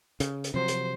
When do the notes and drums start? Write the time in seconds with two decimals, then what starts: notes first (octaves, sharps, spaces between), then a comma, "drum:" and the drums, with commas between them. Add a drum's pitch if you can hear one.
0.20 C#3, drum: hi-hat
0.44 drum: hi-hat
0.54 C3 F3 F#3 C5
0.68 drum: hi-hat